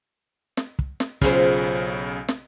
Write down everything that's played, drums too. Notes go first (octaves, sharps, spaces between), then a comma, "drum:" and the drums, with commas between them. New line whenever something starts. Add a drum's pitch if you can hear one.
drum: snare
drum: kick
drum: snare
B1 C#3 F4 G#4 C5, drum: kick
drum: snare